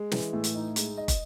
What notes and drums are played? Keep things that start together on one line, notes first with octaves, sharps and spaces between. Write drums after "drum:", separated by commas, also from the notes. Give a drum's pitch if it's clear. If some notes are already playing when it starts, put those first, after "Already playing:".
Already playing: G#3
E3, drum: snare
A2
drum: hi-hat
D#4
G#3, drum: hi-hat
D#5
drum: kick, hi-hat